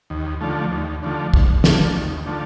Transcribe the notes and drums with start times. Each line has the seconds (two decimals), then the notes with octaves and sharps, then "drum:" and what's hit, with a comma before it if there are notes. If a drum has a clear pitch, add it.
0.10 D#2
0.41 D3 F3 A3
0.72 D#2
1.03 D3 F3 A3
1.34 D#2, drum: kick
1.64 D3 F3 A3, drum: snare
1.95 D#2
2.26 D3 F3 A3